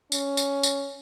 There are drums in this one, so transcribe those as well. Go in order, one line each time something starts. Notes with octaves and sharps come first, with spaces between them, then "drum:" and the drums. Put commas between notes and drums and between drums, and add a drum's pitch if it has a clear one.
C#4, drum: tambourine
drum: tambourine
drum: tambourine